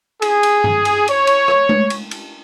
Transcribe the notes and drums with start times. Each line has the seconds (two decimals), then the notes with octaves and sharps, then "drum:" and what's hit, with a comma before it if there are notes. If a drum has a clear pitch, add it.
0.22 G#4, drum: cymbal
0.43 drum: cymbal
0.64 drum: tom G2
0.85 drum: cymbal
1.08 C#5, drum: cymbal
1.27 drum: cymbal
1.48 drum: rim click
1.69 drum: tom G#3
1.90 drum: cymbal
2.11 drum: cymbal